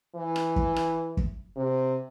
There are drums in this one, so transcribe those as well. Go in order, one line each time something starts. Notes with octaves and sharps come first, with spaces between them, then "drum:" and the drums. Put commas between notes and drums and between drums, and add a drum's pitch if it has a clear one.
E3
drum: rim click
drum: kick
drum: rim click
drum: kick
C3